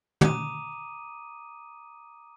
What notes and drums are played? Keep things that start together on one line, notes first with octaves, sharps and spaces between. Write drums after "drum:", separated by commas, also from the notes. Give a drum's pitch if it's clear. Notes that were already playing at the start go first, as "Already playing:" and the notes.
A#5 D6 D#6 D#7, drum: tom